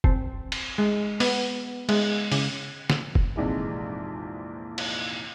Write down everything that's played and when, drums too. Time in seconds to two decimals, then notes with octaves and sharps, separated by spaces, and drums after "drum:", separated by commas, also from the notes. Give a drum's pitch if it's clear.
0.04 C4, drum: kick
0.52 drum: cymbal
0.78 G#3
1.20 B3, drum: open hi-hat
1.89 G#3, drum: cymbal
2.32 C#3, drum: open hi-hat
2.90 drum: snare
3.15 drum: kick
3.36 A#1 F2 G#2 C3 E3 G#3
4.78 drum: cymbal